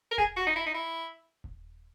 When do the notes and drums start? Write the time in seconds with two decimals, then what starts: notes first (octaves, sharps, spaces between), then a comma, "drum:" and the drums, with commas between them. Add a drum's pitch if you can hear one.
0.11 A#4
0.18 G#4, drum: kick D#1
0.37 F#4
0.47 D#4
0.56 E4
0.66 D#4
0.74 E4
1.44 drum: kick D#1